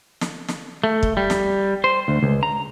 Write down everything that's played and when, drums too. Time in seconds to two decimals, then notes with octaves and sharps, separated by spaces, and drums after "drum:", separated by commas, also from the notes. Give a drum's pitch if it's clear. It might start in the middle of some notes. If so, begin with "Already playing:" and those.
0.21 drum: snare
0.48 drum: snare
0.84 A3
1.03 drum: kick
1.17 G3
1.30 drum: snare
1.84 C5
2.08 D2
2.23 C#2
2.43 A#5